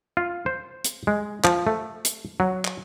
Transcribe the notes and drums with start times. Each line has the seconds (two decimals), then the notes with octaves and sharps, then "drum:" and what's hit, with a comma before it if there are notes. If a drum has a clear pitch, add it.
0.17 F4
0.46 C5
0.84 drum: hi-hat
1.07 G#3
1.44 F3, drum: clap
1.67 A3
2.05 drum: hi-hat
2.40 F#3
2.65 drum: clap